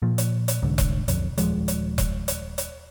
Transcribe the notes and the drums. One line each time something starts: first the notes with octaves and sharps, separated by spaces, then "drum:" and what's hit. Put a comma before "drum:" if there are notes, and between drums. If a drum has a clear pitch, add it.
A#2 F3
drum: hi-hat
drum: hi-hat
C2 G#2 D3
drum: kick E1, hi-hat
B1 F2, drum: hi-hat
D#1 F3 G#3, drum: hi-hat
drum: hi-hat
drum: kick E1, hi-hat
drum: hi-hat
drum: hi-hat